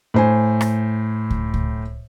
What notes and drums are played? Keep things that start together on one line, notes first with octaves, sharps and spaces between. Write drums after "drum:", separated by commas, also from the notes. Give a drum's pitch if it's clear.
A2 C5 G#5
drum: rim click
drum: kick C#2
drum: kick C#2